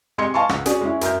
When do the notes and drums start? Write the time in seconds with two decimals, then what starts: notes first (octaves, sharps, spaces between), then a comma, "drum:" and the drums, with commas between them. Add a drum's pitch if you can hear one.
0.18 C3 G#3 D#5 C6 G#6 C#7
0.34 D#5 F5 G#5 A5 C6 C#6
0.49 C#2 F#5, drum: rim click
0.66 C#4 F#4 G#4 D5, drum: hi-hat
0.81 G#3 C#4 E4
1.01 F#2 A#4 E5 G6, drum: hi-hat